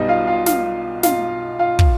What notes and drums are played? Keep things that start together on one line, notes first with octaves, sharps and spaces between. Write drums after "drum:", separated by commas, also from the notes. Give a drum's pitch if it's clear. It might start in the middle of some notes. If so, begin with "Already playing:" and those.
Already playing: B1 B2 G3 D#4 D#5
F4 F5
F4 F5
F4 F5, drum: snare
F4 F5, drum: snare
F4 F5
drum: kick